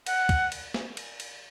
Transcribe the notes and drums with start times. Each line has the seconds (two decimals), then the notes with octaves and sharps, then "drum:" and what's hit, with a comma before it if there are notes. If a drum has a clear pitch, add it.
0.06 F#5, drum: cymbal
0.29 drum: kick, cymbal
0.52 drum: cymbal
0.74 drum: snare
0.97 drum: cymbal
1.20 drum: cymbal